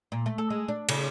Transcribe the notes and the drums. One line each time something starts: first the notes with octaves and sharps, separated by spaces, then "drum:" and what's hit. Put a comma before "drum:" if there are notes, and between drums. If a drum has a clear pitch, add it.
A#2
A3
A4
G#3
D4
C#3, drum: cymbal